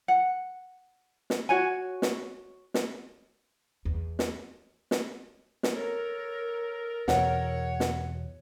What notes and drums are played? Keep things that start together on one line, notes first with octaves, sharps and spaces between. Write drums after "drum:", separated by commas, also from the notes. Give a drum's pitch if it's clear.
F#5
drum: snare
F#4 C#5 G#5
drum: snare
drum: snare
E2
drum: snare
drum: snare
drum: snare
A4 A#4 C#5
E2 B2 C#5 F#5, drum: snare
drum: snare